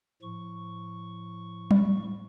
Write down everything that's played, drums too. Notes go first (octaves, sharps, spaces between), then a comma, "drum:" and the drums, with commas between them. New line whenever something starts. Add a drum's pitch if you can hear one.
A2 F3 C#6
drum: tom F#3